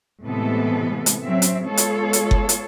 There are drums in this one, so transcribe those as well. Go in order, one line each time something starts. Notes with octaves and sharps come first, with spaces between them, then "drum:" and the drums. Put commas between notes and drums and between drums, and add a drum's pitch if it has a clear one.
A2 C3 E3 G#3 B3 A4
drum: hi-hat
F#3 C4 C#4 E5
drum: hi-hat
G#3 B3 F4 A4 C#5
drum: hi-hat
drum: hi-hat
drum: kick F#1
drum: hi-hat